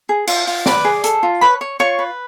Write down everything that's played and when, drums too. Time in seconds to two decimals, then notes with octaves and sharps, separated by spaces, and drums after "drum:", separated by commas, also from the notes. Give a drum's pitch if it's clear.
0.09 G#4
0.27 F4, drum: cymbal
0.47 F4, drum: open hi-hat
0.66 B4 D5 B5, drum: snare
0.85 G#4
1.04 A4, drum: hi-hat
1.23 F4
1.41 B4 C#5 B5
1.61 C#5
1.80 F4 C#5 C#6
1.99 B4